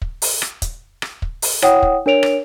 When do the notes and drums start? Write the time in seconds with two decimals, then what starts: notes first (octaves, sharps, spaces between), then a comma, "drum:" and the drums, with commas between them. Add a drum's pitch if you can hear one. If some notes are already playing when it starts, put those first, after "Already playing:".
0.02 drum: kick
0.22 drum: open hi-hat
0.42 drum: rim click
0.62 drum: kick, hi-hat
1.02 drum: rim click
1.22 drum: kick
1.42 drum: open hi-hat
1.62 E4 C#5 F#5 G5 D#6, drum: rim click
1.82 drum: kick
2.06 D4 A#4 C#5 D7 F7
2.23 drum: rim click